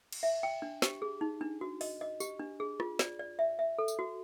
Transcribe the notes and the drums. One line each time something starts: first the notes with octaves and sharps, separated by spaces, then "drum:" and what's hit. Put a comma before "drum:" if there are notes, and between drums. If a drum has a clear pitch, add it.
drum: cymbal
E5
G5
D4
G4, drum: snare
G#4
D#4
D4
F#4
D#5, drum: open hi-hat
D#5
G4, drum: tambourine
D4
G#4
F4, drum: rim click
D5, drum: snare
D5
E5
E5
A4
drum: tambourine
F#4